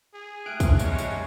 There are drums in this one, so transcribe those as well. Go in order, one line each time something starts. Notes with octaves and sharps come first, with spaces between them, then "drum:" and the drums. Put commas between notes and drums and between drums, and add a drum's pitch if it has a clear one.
G#4
A3 G4 F6 F#6 D7
drum: kick, tambourine
G3 G#3 C#5, drum: tambourine
drum: tambourine